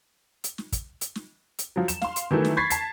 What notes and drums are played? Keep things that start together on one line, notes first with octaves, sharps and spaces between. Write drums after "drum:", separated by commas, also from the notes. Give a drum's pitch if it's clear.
drum: hi-hat
drum: snare
drum: kick, hi-hat
drum: hi-hat
drum: snare
drum: hi-hat
F3 F#3
E7, drum: hi-hat
F5 C6, drum: snare
drum: hi-hat
D#3 E3 F#3 A3 E4
drum: snare
B5 C#6 G#6 A6 B6 C7
A5 C7, drum: hi-hat